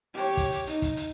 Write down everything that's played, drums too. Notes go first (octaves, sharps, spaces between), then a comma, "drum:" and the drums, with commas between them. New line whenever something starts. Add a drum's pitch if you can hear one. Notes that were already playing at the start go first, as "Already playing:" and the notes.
G4 C#5
drum: kick, hi-hat
drum: hi-hat
D#4, drum: hi-hat
drum: kick, hi-hat
drum: hi-hat